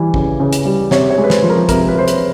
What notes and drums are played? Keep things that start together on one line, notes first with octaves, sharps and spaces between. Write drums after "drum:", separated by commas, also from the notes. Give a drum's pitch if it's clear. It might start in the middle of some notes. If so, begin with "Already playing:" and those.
Already playing: E3 G3
C#3, drum: kick
C#3
drum: hi-hat
G3
C3 C#5, drum: snare
C#5
G#3
B4
C5, drum: snare
F3
A#4
C3 A#4, drum: kick, hi-hat
B4
C3 C5
B4, drum: hi-hat